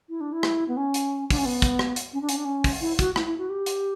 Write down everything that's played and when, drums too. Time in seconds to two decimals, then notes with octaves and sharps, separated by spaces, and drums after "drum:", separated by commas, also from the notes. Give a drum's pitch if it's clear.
0.09 E4
0.21 D4
0.33 E4
0.43 drum: rim click
0.68 B3
0.77 C#4
0.94 drum: hi-hat
1.30 D4, drum: kick, open hi-hat
1.38 C#4
1.46 B3
1.62 drum: kick, hi-hat
1.79 drum: rim click
1.96 drum: hi-hat
2.13 C#4
2.21 D4
2.29 C#4, drum: hi-hat
2.37 D4
2.45 C#4
2.64 drum: kick, open hi-hat
2.81 E4
2.99 F#4, drum: kick, hi-hat
3.16 E4, drum: rim click
3.27 E4
3.38 F#4
3.50 G4
3.66 drum: hi-hat